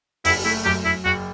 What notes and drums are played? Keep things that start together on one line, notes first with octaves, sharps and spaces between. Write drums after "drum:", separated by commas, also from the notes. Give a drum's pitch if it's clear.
F#1 E4, drum: open hi-hat
A3 E4
F#2 G4
F#2 E4
F#1 F#4